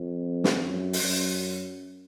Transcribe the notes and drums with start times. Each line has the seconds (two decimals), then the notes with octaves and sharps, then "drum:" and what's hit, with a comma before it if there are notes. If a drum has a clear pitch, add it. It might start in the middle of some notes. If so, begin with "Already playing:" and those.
Already playing: F2
0.44 drum: snare
0.66 F#2
0.93 drum: open hi-hat
1.03 F#2